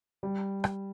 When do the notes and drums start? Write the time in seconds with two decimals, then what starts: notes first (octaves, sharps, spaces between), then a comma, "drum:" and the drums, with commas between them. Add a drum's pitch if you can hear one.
0.23 G3
0.64 drum: rim click